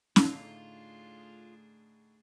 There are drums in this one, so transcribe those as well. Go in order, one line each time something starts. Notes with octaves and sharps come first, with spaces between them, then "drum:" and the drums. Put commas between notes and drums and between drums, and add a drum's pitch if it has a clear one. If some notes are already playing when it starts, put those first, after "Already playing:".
A2 D3 A3 D4 D#4 F4 G#4, drum: snare